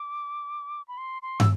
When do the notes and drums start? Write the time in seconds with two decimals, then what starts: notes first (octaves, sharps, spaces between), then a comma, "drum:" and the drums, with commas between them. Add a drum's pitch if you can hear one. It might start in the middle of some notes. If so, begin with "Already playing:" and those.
Already playing: D6
0.88 B5
0.98 C6
1.22 C6
1.40 E6, drum: tom